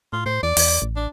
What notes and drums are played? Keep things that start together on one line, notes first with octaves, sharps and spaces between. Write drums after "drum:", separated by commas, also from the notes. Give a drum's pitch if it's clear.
A2 F4
A2 C5
E2 D5
E2, drum: open hi-hat
A1
D4